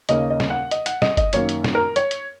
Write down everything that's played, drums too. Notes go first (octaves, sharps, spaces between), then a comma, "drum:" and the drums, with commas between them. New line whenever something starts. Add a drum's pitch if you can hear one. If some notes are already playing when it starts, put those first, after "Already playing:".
D#2 C#3 A#3 C#4 D#5, drum: hi-hat
D#5
drum: snare
F#5
D#5, drum: hi-hat
F#5, drum: hi-hat
D#5, drum: snare
D#5, drum: kick G1, hi-hat
F#2 D#3 A#3 C#4 C#5, drum: hi-hat
drum: hi-hat
drum: snare
A#4
C#5, drum: hi-hat
drum: hi-hat